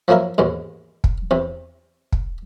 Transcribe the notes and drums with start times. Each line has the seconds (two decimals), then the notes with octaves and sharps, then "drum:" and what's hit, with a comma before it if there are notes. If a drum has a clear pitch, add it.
0.08 F3 F#3 A#3 E4 A#4
0.38 A1 D#2 G#2 B2
1.04 drum: kick
1.31 E2 C3
2.12 drum: kick